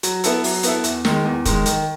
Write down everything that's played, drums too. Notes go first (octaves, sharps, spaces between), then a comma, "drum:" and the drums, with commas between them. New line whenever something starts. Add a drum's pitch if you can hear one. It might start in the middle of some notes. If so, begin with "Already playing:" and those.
F#3, drum: hi-hat
B3 E4 A4, drum: hi-hat
F#3, drum: open hi-hat
B3 E4 A4, drum: hi-hat
E2, drum: hi-hat
D#3 G#3, drum: snare
E2
D#3 G#3, drum: kick, hi-hat
D#3, drum: hi-hat